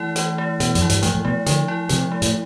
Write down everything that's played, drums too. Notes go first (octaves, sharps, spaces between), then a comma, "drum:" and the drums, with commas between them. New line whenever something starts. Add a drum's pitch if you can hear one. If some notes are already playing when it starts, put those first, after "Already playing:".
Already playing: E3 A3 E4
E3, drum: hi-hat
A3
B2 E3, drum: hi-hat
F2, drum: hi-hat
E4
G2, drum: hi-hat
A2 F3, drum: hi-hat
A2
B2 A3
D3 F3, drum: hi-hat
E4
C3 F3, drum: hi-hat
A3
A2, drum: hi-hat